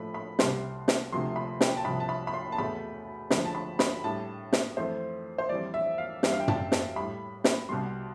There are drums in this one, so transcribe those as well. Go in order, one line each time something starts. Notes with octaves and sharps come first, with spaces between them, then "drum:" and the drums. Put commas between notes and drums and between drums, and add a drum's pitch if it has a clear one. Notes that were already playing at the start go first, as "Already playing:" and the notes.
Already playing: A2 F3 A3 B5
B5
C2 C3 G3 C6, drum: snare
drum: snare
D2 C3 F3 A3 C6
B5
G5, drum: snare
A5
C2 C3 F3 B5
A5
B5
B5
C6
A5
E2 B2 A3 B5
D2 D3 F3 B5, drum: snare
A5
B5
B5, drum: snare
A2 G3 A5
drum: snare
F2 E3 A3 C5
C5
F2 E3 G3 D5
E5
F5
G2 E3 G3 E5, drum: snare
F5
G5
A5, drum: tom
A5, drum: snare
A2 G3 B5
drum: snare
C2 B2 G3 C6